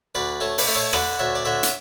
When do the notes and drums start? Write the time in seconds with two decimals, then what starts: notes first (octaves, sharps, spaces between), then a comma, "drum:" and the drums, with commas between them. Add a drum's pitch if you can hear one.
0.15 D2 B4 D5
0.40 A3 A4 C#5
0.58 B4 D5, drum: open hi-hat
0.67 A3
0.75 A4 C#5
0.93 D3 B4 D5, drum: rim click
1.19 D2 C#5 E5
1.35 D5
1.45 D3 C#5 E5
1.63 drum: hi-hat